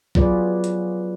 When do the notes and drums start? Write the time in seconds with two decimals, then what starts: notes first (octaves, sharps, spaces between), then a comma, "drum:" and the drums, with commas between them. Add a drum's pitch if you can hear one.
0.15 F#3 B3 F4 G#4 B4 D5, drum: kick
0.64 drum: hi-hat